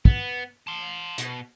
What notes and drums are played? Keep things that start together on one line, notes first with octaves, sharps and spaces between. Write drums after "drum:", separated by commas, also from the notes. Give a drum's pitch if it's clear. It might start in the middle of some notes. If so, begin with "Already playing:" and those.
B3, drum: kick
A5 C6
B2, drum: hi-hat